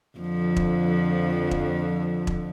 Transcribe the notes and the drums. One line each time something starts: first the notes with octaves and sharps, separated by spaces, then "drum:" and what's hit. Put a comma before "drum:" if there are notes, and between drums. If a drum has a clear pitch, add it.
F2 D3 F3
drum: kick E1
drum: kick E1
drum: kick E1